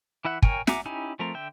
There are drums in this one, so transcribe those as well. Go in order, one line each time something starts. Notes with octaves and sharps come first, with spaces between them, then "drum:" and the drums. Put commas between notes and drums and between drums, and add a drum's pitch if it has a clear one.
E3 E4 E5 F#5
A#4 C#5 G5 G#5, drum: kick
E5 F#5 G#5 A#5 D6, drum: snare
C#4 D#4 E4 G4 G#5
F3 A3 C4 A#4 A#5
D3 E5 G5